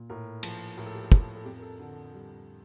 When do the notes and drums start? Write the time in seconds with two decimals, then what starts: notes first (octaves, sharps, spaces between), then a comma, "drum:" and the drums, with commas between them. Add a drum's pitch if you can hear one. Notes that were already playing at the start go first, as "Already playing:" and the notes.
Already playing: A#2
0.10 A2 A#4
0.43 F3, drum: cymbal
0.77 A2 A#4
0.86 A4
0.95 G4
1.04 A4
1.12 F3, drum: kick
1.36 A4
1.45 F2 G4
1.58 A#4
1.62 A4
1.79 D3
2.14 G3